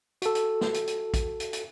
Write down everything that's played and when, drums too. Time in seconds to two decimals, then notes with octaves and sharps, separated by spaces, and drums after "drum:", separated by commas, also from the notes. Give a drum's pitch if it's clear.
0.22 F#4 A4, drum: hi-hat
0.35 drum: hi-hat
0.61 drum: snare
0.74 drum: hi-hat
0.87 drum: hi-hat
1.14 drum: kick, hi-hat
1.40 drum: hi-hat
1.53 drum: hi-hat